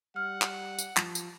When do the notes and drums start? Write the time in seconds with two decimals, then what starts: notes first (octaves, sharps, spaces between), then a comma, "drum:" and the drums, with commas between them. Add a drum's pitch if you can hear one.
0.16 G3 F#5 F6
0.42 drum: clap
0.79 drum: tambourine
0.97 F3, drum: clap
1.15 drum: tambourine